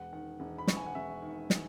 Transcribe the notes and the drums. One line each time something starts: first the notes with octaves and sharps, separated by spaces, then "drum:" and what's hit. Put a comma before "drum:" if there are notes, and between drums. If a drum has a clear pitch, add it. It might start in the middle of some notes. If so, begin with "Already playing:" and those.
Already playing: E1 F#5
D#3 F#5
E1
B5
E1 C#6, drum: snare
G#5
F#5
E1 E5
D#3
drum: snare